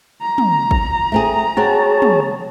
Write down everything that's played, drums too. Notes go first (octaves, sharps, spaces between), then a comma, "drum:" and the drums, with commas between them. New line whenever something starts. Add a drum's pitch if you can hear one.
A#5
drum: tom
drum: kick
A3 C4 G#4
C4 F#4 G#4 C#5 A5
drum: tom